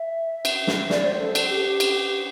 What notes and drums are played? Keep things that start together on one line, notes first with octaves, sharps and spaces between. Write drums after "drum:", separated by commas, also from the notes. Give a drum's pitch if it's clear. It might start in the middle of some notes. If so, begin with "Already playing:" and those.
Already playing: E5
drum: cymbal
drum: snare
D5, drum: snare
C5
A4
A4, drum: cymbal
G4
G4
drum: cymbal